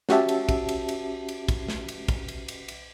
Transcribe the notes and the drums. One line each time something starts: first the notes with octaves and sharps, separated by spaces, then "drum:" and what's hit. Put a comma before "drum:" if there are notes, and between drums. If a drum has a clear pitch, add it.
C#4 F#4 G4 E5 A5, drum: snare
drum: cymbal
drum: kick, cymbal
drum: cymbal
drum: cymbal
drum: cymbal
drum: kick, cymbal
drum: snare
drum: cymbal
drum: kick, cymbal
drum: cymbal
drum: cymbal
drum: cymbal